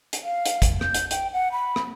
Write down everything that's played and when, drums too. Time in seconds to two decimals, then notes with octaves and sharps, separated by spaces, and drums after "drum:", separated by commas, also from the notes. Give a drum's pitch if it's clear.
0.13 drum: hi-hat
0.24 F5
0.46 drum: hi-hat
0.62 drum: kick, hi-hat
0.81 G6, drum: rim click
0.94 drum: hi-hat
1.11 G5, drum: hi-hat
1.33 F#5
1.52 B5
1.76 drum: rim click